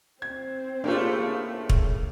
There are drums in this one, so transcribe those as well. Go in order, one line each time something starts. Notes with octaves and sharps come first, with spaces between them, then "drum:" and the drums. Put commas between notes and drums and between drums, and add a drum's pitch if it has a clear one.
C4 C5 G#6
A2 C#3 A3 A#3 D4 F4 G4
drum: kick